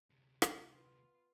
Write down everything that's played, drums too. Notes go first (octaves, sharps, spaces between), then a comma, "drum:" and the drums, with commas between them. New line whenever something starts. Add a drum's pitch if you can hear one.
D2 C3
drum: rim click
B3 F4